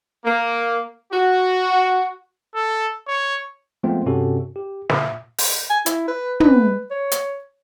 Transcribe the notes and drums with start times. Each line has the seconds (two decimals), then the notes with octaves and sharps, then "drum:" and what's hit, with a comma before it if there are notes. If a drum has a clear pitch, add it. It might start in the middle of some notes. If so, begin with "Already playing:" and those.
0.24 A#3
1.12 F#4
2.55 A4
3.08 C#5
3.83 F3 G#3 A3 B3 C4 F4
4.06 G2 C3 C#4 F#4 A4
4.56 G4
4.90 A#2 E5, drum: snare
5.38 drum: open hi-hat
5.70 G#5
5.86 E4, drum: hi-hat
6.08 B4
6.40 B4, drum: tom
6.91 C#5
7.12 drum: hi-hat